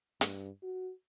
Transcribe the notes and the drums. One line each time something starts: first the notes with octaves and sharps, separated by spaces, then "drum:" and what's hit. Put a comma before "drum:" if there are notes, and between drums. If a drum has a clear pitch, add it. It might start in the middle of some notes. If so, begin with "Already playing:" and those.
G2, drum: hi-hat
F#4